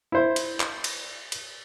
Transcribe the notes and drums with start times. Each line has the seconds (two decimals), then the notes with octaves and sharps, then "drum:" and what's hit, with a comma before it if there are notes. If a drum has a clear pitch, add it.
0.12 E4 C5
0.36 drum: cymbal
0.60 drum: clap
0.84 drum: cymbal
1.32 drum: cymbal